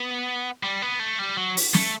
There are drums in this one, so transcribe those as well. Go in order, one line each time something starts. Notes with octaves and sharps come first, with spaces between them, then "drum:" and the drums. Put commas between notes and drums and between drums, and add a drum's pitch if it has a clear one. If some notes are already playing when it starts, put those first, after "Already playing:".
Already playing: B3
G3
B3
A3
G3
F#3
drum: open hi-hat
A3, drum: snare